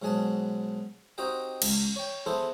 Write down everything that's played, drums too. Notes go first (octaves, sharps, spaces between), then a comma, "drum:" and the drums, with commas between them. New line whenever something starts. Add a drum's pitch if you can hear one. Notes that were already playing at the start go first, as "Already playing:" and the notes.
G#2 B2 F#3 G#4 G#5 A5
C4 D#4 F#4 G4 D#5 G5
C#2, drum: cymbal
C#5 G5
B3 E4 G#4 A4 B4 C5